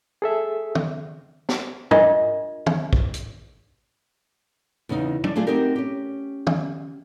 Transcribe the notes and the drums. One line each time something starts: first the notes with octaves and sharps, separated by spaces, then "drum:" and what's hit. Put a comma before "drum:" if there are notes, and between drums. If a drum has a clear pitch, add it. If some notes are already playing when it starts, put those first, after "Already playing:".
G#4 A4 E5
drum: tom
drum: snare
D4 F4 A#4 D#5 E5, drum: tom
drum: tom
drum: kick
drum: hi-hat
E2 C#3 B3 D#4
D4, drum: tom
A3 D4 F4 G4 G#4
C4 D#4 F#4 G4 A#4
C#4 G4
drum: tom